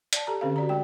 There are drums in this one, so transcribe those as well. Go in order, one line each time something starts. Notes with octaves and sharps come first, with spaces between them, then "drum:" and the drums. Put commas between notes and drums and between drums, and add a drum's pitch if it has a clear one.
D5 A5, drum: hi-hat
G4 A4 A#5
D3 C4 C#4 G4 A4 F5
F#4 D5 A#5
G#3 D5 G5